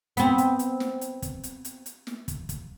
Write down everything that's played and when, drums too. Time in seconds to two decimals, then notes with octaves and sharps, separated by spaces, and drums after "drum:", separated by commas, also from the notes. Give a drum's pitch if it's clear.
0.17 B3 C4, drum: hi-hat
0.38 drum: hi-hat
0.59 drum: hi-hat
0.80 drum: snare
1.01 drum: hi-hat
1.22 drum: kick, hi-hat
1.43 drum: hi-hat
1.65 drum: hi-hat
1.86 drum: hi-hat
2.07 drum: snare
2.28 drum: kick, hi-hat
2.49 drum: kick, hi-hat